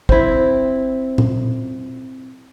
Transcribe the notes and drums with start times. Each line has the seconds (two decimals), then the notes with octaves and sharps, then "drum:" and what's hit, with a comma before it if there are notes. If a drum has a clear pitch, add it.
0.09 C4 E4, drum: kick
1.18 drum: tom A#2